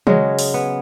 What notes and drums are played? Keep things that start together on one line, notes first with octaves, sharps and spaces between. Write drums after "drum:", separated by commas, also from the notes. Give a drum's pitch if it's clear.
C#3 F#3 G#3, drum: tom
drum: open hi-hat
B3